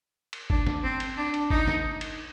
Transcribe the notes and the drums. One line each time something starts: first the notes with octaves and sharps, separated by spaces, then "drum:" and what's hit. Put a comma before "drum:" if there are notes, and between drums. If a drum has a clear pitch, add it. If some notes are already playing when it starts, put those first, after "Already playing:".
drum: cymbal
D4, drum: kick
drum: snare
C4
drum: cymbal
D4
drum: cymbal
D#4, drum: kick
drum: snare
drum: cymbal